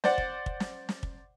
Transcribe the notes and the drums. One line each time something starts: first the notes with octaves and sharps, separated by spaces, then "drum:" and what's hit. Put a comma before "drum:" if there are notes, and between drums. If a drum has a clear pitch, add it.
C5 D5 F#5, drum: snare
drum: kick
drum: kick
drum: snare
drum: snare
drum: kick